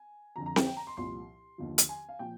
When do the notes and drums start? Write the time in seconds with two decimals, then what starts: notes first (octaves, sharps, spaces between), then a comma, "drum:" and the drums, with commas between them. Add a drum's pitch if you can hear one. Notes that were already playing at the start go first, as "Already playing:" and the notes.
Already playing: G#5
0.36 F2 D3 F3 A#5
0.46 A#5
0.56 G5, drum: snare C4
0.67 G5
0.77 A#5
0.87 C6
0.97 C2 A#2 F3 C6
1.58 D#2 D3 F3
1.78 drum: hi-hat
1.89 G#5
2.09 F5
2.19 A#2 F3 G5